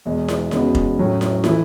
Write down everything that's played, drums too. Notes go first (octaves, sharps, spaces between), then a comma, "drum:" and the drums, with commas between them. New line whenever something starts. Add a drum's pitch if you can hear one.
E2 B2 G#3
drum: snare
E2 C#3 G#3 B3 F#4, drum: snare
drum: kick F1
A2 F#3 C#4
drum: snare
E3 A3 E4, drum: snare